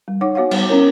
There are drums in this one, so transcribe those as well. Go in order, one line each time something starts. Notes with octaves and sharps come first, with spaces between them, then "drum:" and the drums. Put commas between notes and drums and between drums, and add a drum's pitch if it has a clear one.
G3
D#4 C#5 F#5 D6
B3 F#4 C#5 F5 F#5
G3, drum: cymbal
B3 C#4 E4 A#4 C#5